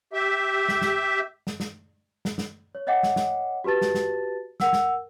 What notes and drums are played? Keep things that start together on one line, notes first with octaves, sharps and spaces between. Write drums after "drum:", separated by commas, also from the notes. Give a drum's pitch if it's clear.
G4 E5
drum: snare
drum: snare
drum: snare
drum: snare
drum: snare
drum: snare
C#5
C#5 D#5 E5 F#5 G5 D6
drum: snare
drum: snare
F#4 G4 B4 A5 A6
drum: snare
drum: snare
A#4 F#5 E6, drum: snare
drum: snare